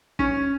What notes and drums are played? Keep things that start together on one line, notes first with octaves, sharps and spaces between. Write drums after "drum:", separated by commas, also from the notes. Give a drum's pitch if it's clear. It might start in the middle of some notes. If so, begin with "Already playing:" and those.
C#4, drum: kick